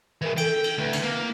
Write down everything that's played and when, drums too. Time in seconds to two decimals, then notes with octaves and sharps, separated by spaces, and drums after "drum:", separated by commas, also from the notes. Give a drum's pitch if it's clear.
0.22 E3 G#3 A#4
0.37 A4 G5, drum: cymbal
0.64 drum: cymbal
0.78 D2 B4
0.93 drum: cymbal
1.03 A#3